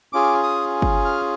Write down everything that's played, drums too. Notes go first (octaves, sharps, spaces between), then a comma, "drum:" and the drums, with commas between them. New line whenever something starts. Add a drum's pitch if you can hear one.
C#4 F4 G#4 D6
D#6
drum: kick G1
F6